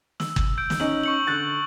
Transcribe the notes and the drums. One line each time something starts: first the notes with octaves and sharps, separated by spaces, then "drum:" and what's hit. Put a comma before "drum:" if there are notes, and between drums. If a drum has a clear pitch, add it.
E6, drum: snare
drum: kick
E6 G6 D7
drum: snare
C#4 D#4 F#7
C#6 C#7 F#7
D3 F#6 A6